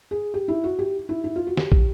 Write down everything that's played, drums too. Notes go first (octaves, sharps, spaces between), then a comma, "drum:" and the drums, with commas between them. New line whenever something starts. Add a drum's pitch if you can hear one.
G#4
G4
E4
F#4
G4
E4
E4
F4
F#4
G4, drum: snare
drum: kick